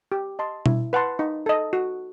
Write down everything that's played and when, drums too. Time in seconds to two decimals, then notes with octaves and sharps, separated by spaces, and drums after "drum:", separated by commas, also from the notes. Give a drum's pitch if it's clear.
0.12 G4
0.39 D#5 A5 C6
0.66 E4, drum: tom B2
0.93 B4 F#5 A5 C6
1.19 D#4
1.46 A4 D#5
1.73 F#4